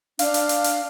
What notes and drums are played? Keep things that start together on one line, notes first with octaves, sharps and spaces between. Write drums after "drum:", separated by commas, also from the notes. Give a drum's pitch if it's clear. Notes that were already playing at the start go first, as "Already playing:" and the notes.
D4 F5, drum: hi-hat
drum: hi-hat
drum: hi-hat
drum: hi-hat